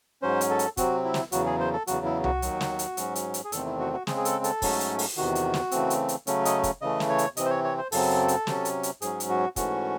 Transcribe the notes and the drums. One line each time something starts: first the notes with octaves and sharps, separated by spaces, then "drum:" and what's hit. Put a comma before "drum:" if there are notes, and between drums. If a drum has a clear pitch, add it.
G#2 F#3 C#4 C5
drum: hi-hat
A4
drum: hi-hat
C3 F#3 C4 F#4, drum: kick, hi-hat
E4
drum: snare
E2 C#3 F#3 F#4, drum: hi-hat
G#4
C5
A4
E2 C#3 F#3 F#4, drum: hi-hat
E4
F#4, drum: tom C2
D#2 D#3 F#3, drum: hi-hat
drum: snare
drum: hi-hat
G#2 F#3 C#4, drum: hi-hat
drum: hi-hat
drum: hi-hat
G#4
E2 C3 D#3 A3 C4 A4, drum: hi-hat
E4
F#4
F#4
C#3 G#3 C4 G#4, drum: snare
G#4
A4, drum: hi-hat
A4, drum: hi-hat
G#2 F#3 A3 C#4, drum: kick, open hi-hat
drum: hi-hat
drum: open hi-hat
E2 C3 D#3 F#4
drum: hi-hat
drum: snare
C#3 E3 A3 C4, drum: hi-hat
drum: hi-hat
drum: hi-hat
C#3 F#3 A3 C#4, drum: hi-hat
D#5, drum: hi-hat
drum: kick, hi-hat
C#3 E3 A3 D#5
drum: snare
C#5
drum: hi-hat
C3 E3 C4 D#5, drum: hi-hat
C5
C#5
C#5
C5
F#2 C#3 F#3 C4 A4, drum: open hi-hat
drum: hi-hat
C3 F#3 C#4, drum: snare
drum: hi-hat
drum: hi-hat
G#2 F#3 C#4 G#4, drum: hi-hat
drum: hi-hat
F#4
G#2 E3 A3 C#4 F#4, drum: kick, hi-hat